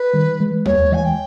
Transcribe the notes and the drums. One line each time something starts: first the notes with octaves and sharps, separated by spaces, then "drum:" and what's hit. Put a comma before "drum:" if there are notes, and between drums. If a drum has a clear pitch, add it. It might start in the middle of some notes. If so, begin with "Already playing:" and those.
Already playing: B4
D#3 G3
E3 G#3
G3 A#3 C#5, drum: tom D#2
E3 G#3 G#5
G5